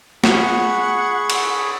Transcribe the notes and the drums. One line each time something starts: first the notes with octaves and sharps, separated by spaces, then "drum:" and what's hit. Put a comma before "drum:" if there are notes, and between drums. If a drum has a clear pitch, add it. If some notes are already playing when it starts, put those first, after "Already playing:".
G#4 F#5 B5 C#6, drum: snare
drum: cymbal